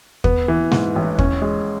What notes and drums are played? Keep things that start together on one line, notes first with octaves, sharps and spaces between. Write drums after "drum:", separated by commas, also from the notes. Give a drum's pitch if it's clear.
B3, drum: kick
E3
G#2, drum: snare
A1
C#4, drum: kick
G#3